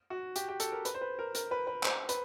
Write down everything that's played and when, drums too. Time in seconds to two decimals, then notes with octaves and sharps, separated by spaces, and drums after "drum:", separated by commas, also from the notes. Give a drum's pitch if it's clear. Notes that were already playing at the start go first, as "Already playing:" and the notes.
0.10 F#4
0.36 G4, drum: hi-hat
0.48 G4
0.60 A4, drum: hi-hat
0.72 A#4
0.85 B4, drum: hi-hat
0.94 C5
1.01 B4
1.19 A#4
1.35 A#4, drum: hi-hat
1.51 B4
1.67 B4
1.83 C5, drum: clap
2.09 B4, drum: hi-hat